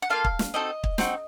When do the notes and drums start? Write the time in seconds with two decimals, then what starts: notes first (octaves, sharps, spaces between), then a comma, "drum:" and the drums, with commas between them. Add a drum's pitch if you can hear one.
0.02 F#5
0.10 A#3 F4 A4 F5
0.24 drum: kick
0.39 drum: snare
0.54 C4 D#4 F#4 A4 D#5
0.84 drum: kick
0.98 C4 D#4 F#4, drum: snare